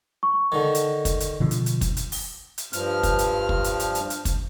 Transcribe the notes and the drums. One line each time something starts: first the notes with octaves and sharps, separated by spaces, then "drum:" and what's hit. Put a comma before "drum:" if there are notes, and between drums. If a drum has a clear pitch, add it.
C#6
D3 D#3
drum: hi-hat
drum: kick, hi-hat
drum: hi-hat
B2 D3 F3
drum: hi-hat
drum: hi-hat
drum: kick, hi-hat
drum: hi-hat
drum: open hi-hat
drum: hi-hat
G2 F3 F6, drum: hi-hat
drum: kick, hi-hat
drum: hi-hat
drum: kick
drum: hi-hat
drum: hi-hat
drum: hi-hat
drum: hi-hat
drum: kick, hi-hat